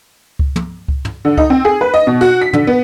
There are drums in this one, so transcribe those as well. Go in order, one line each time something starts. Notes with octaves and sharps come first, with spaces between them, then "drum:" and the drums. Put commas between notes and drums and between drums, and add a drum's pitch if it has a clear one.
drum: kick C#2
drum: tom
drum: kick C#2
drum: tom
D3
D#4, drum: kick C#2
C4
G#4
B4
D#5
B2
F#4
B6
D3, drum: tom
B3